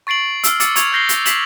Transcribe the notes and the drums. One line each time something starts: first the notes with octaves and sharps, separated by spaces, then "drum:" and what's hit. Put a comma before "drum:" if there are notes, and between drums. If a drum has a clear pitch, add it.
C#6 A6 C7 D7 F#7
E6 F6, drum: hi-hat
D6 E6 A6 C#7, drum: hi-hat
C#6 G#6 F7, drum: hi-hat
F6 G6 A#6 C7 G7
drum: hi-hat
B6 C7 E7 F#7, drum: hi-hat